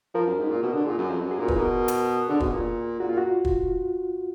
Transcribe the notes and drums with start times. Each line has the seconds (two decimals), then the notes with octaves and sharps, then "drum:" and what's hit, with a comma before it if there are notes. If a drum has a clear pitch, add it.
0.14 F3 A#4
0.26 F#2
0.38 G#2
0.50 A#2
0.62 B2
0.73 D3
0.86 A#2 G#4
0.98 F#2
1.10 F2
1.21 F#2 F#4
1.31 G#4
1.39 A#2 A#4
1.48 B4, drum: kick
1.57 B2 A#4
1.88 drum: hi-hat
2.28 D3 G#4
2.40 B2, drum: kick
2.53 A#2
3.00 A#2 F#4
3.09 F4
3.12 A#2
3.18 F#4
3.45 drum: kick